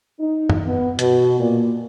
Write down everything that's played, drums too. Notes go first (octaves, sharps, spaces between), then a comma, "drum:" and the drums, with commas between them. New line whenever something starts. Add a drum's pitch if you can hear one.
D#4
drum: tom F#2
B3
B2, drum: hi-hat
A#2